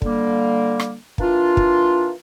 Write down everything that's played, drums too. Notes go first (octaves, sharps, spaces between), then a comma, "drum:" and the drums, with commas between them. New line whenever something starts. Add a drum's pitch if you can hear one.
D3 G3 A#3, drum: kick
drum: rim click
E3 A#3 D4 F4, drum: kick
drum: kick